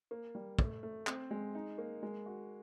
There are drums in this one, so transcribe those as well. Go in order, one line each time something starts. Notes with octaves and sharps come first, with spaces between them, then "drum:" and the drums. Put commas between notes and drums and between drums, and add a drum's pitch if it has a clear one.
A#3
G3
A3, drum: kick
A3
C4, drum: clap
G#3
D#4
A#3
G#3
F#4